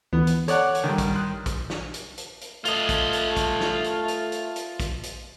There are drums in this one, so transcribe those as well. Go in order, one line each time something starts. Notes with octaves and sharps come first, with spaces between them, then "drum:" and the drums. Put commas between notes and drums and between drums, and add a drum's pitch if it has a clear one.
D2 E3 B3
drum: hi-hat
A4 C#5 D5 F#5, drum: hi-hat
drum: hi-hat
G2 D#3
drum: kick, hi-hat
C6 D#6 F#6
drum: kick, hi-hat
drum: snare
drum: hi-hat
drum: hi-hat
drum: hi-hat
A3 F4 D#5, drum: hi-hat
drum: kick, hi-hat
drum: hi-hat
drum: kick, hi-hat
drum: snare
drum: hi-hat
drum: hi-hat
drum: hi-hat
drum: hi-hat
drum: kick, hi-hat
drum: hi-hat